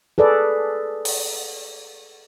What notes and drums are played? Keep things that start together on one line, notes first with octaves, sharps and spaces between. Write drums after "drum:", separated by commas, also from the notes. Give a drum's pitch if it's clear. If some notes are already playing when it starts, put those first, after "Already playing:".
G#4 A4 B4 D5
drum: open hi-hat